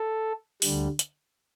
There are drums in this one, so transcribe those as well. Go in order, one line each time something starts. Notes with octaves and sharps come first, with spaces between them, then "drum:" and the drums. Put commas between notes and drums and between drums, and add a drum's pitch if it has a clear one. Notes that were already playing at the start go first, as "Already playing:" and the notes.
Already playing: A4
D2 D3 G3, drum: open hi-hat
drum: hi-hat